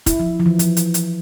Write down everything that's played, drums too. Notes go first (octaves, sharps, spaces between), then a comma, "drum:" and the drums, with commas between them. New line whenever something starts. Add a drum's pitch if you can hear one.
E4, drum: kick, hi-hat
F3
F3
E3
F3, drum: hi-hat
drum: hi-hat
drum: hi-hat